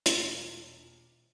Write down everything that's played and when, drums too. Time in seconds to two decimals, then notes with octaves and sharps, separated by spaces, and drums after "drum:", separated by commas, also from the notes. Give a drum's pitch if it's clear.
0.06 E1 A#2 A#3, drum: hi-hat